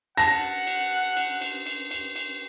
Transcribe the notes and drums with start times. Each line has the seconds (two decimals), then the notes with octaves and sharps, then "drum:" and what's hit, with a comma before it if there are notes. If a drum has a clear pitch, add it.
0.17 F#5 A5 A#6, drum: cymbal
0.67 drum: cymbal
1.17 drum: cymbal
1.41 drum: cymbal
1.66 drum: cymbal
1.91 drum: cymbal
2.16 drum: cymbal